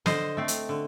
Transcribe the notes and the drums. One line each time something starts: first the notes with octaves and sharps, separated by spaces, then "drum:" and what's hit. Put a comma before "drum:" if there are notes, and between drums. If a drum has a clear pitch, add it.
D3 C5 D#5, drum: snare
A3 C4
drum: hi-hat
D3